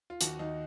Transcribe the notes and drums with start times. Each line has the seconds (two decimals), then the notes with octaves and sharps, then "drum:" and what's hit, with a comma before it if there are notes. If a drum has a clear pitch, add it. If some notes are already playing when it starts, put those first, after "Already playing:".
0.10 F4
0.21 D#2 F#4, drum: hi-hat
0.39 D#2 D#4